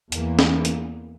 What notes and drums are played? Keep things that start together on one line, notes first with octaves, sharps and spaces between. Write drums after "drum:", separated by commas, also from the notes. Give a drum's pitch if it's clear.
E2 E3 A#3, drum: hi-hat
drum: snare
drum: hi-hat